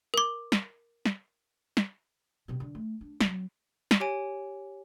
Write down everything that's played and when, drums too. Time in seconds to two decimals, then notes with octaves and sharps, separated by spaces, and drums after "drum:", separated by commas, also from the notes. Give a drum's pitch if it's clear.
0.14 A#4 D6
0.52 drum: snare
1.06 drum: snare
1.77 drum: snare
2.48 B2 G3
2.60 D3
2.75 A3
3.01 D4
3.21 F#3 C4, drum: snare
3.91 drum: snare
4.00 G4 C#5 G#5 D7